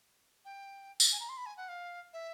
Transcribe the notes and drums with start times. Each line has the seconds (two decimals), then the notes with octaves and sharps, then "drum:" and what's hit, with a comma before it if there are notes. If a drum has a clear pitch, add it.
0.45 G5
1.00 drum: tambourine
1.12 G#5
1.20 A#5
1.29 C6
1.37 B5
1.46 G#5
1.57 F#5
1.69 F5
2.13 E5